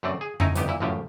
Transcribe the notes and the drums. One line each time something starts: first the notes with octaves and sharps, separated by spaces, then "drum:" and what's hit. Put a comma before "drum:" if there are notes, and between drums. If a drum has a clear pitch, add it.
F#2 A3 C4 D5
G#4
A3 D#4 E4 G#5 A#5, drum: tom F2
G1 C2 D#3 B3 G4 G5, drum: hi-hat
A#2 E4
A1 F#2 A2 F3 G4